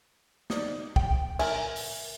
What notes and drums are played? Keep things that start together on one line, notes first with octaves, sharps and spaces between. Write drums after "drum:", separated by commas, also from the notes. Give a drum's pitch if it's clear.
D#4 D5, drum: snare
G5, drum: kick
A#4 E5 G#5, drum: cymbal
drum: open hi-hat